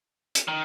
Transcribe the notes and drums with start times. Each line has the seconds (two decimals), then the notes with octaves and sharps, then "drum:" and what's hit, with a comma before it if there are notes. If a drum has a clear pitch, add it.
0.35 drum: hi-hat
0.48 D#3